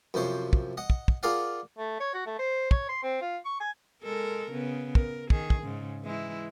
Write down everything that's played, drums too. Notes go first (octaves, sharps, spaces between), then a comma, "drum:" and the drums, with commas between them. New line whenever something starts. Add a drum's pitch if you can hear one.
F#2 C3 F3 C5 C#5
drum: kick
D#5 F#5
drum: kick
drum: kick
F4 G#4 A#4 D5 F5 F#5
A3
C#5
F#4
A3
C5
C#5, drum: kick
C6
C4
F4
C#6
G#5
G#3 A4 A#4
C#3 B3
A#4, drum: kick
D#3 G#4, drum: kick
drum: kick
G#2 C#3
E3 G#3 E4